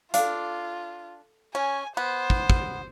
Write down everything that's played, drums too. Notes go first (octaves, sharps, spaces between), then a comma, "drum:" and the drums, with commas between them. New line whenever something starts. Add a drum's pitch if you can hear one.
D4 F4 A4 F5, drum: hi-hat
C#4 G#5
B3 C5
drum: kick
drum: kick